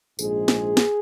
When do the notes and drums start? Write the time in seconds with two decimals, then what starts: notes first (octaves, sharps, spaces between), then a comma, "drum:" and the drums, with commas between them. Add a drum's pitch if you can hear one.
0.19 A#1 G#2 F3 G#3 G#4, drum: tambourine
0.48 drum: snare
0.77 drum: snare